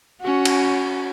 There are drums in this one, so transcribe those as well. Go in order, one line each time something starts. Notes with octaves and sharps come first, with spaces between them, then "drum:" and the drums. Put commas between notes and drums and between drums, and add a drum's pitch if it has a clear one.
C#4 F#4
drum: cymbal